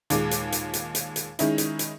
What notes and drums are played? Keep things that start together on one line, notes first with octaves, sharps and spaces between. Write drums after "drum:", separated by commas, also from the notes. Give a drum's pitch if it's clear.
D#2 A#2 G#3 D6, drum: hi-hat
drum: hi-hat
drum: hi-hat
drum: hi-hat
drum: hi-hat
drum: hi-hat
D#3 G#3 C#4 D#4 E4, drum: hi-hat
drum: hi-hat
drum: hi-hat